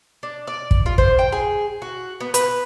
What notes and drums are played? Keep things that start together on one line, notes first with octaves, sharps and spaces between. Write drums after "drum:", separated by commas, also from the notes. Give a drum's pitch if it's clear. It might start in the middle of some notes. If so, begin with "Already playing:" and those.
D4
D5
drum: kick
F4
C5, drum: kick
G5
G#4
F#4
B3
B4, drum: hi-hat